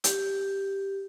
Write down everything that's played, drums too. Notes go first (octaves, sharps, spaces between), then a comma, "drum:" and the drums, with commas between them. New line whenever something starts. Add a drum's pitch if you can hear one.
G4, drum: hi-hat